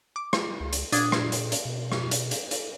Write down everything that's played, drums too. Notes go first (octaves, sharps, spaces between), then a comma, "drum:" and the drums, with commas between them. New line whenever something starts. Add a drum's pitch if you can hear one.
D6
drum: rim click
C#2
drum: hi-hat
A#2 D4 D#6 G#6, drum: hi-hat
drum: rim click
drum: hi-hat
drum: hi-hat
B2
drum: rim click
drum: hi-hat
drum: hi-hat
drum: hi-hat